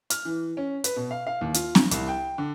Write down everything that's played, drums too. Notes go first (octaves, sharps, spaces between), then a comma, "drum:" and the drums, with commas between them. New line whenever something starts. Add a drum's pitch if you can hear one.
F6, drum: hi-hat
E3
C#4
B4, drum: hi-hat
B2
F5
F5
D#2
F4, drum: hi-hat
drum: snare C4
C2, drum: hi-hat
G5
D3